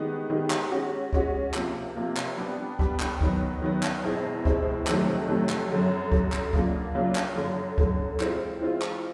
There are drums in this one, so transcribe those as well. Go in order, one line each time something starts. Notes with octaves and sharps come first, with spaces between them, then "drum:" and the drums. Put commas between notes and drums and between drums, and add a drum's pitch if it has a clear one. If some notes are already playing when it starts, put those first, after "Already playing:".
Already playing: D#3 G#3 B3 D#4 G4
D#3 G#3 B3 D#4 G4
drum: clap
G#3 C#4 F#4
G#3 C#4 F#4, drum: kick
C3 F3 A#3, drum: clap
C3 F3 A#3
drum: clap
G3 B3 D4
G3 B3 D4, drum: kick
drum: clap
D#3 F#3 B3, drum: kick
D#3 F#3 B3
drum: clap
E2 B2 G#3 C4 E4
E2 B2 G#3 C4 E4, drum: kick
F2 C3 D#3 F#3 A3, drum: clap
F2 C3 D#3 F#3 A3
drum: clap
F#2 D3 F#3
F#2 D3 F#3, drum: kick
drum: clap
C#3 F#3 A#3 D4 F4, drum: kick
C#3 F#3 A#3 D4 F4
drum: clap
F#2 D3 F#3
F#2 D3 F#3, drum: kick
E3 G#3 C4 F4, drum: clap
E3 G#3 C4 F4
drum: clap